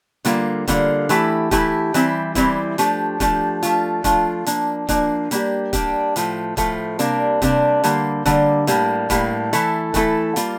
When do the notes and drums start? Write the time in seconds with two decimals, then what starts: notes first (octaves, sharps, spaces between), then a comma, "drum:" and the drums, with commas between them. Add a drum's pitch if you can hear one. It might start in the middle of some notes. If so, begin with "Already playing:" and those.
0.25 D3 G3 A#3 F4, drum: hi-hat
0.67 D3 G3 A#3 F4, drum: kick, hi-hat
1.09 E3 A3 E4 G4, drum: hi-hat
1.51 E3 A3 E4 G4, drum: kick, hi-hat
1.94 E3 G3 C4 E4, drum: hi-hat
2.35 E3 G3 C4 E4, drum: kick, hi-hat
2.78 F3 A3 D4 G4, drum: hi-hat
3.20 F3 A3 D4 G4, drum: kick, hi-hat
3.63 F3 A3 D4 F4, drum: hi-hat
4.04 F3 A3 D4 F4, drum: kick, hi-hat
4.46 F3 A#3 D4, drum: hi-hat
4.89 F3 A#3 D4, drum: kick, hi-hat
5.31 G3 A#3 D4 G4, drum: hi-hat
5.73 G3 A#3 D4 G4, drum: kick, hi-hat
6.16 A2 F3 A3, drum: hi-hat
6.57 A2 F3 A3, drum: kick, hi-hat
6.99 C3 G3 A#3 D4, drum: hi-hat
7.42 C3 G3 A#3 D4, drum: kick, hi-hat
7.84 D3 G3 A#3, drum: hi-hat
8.26 D3 G3 A#3, drum: kick, hi-hat
8.67 A2 G3 A#3, drum: hi-hat
9.10 A2 G3 A#3, drum: kick, hi-hat
9.53 E3 A3 E4 A4, drum: hi-hat
9.94 E3 A3 E4 A4, drum: kick, hi-hat
10.36 G3 A#3 F4, drum: hi-hat